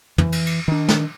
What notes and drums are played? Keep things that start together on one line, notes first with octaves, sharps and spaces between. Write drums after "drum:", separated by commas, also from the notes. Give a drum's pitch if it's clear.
E3, drum: tom
drum: cymbal
drum: cymbal
D#3 D4
drum: snare